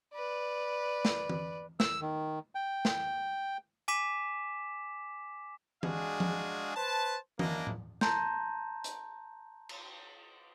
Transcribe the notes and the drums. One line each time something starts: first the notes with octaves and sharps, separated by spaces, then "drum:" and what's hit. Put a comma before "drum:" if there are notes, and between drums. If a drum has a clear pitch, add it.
B4 D5
drum: snare
drum: tom E3
E6, drum: snare
D#3
G5
drum: snare
G#5 D6 B6 E7
G#3 D4 F#4 G#4 F5, drum: tom E3
drum: tom F3
B4 C5 A5
F#2 A#3 D4 E4 D#5, drum: tom E3
drum: tom A2
A5 A#5 C6 G6, drum: snare
drum: hi-hat
drum: cymbal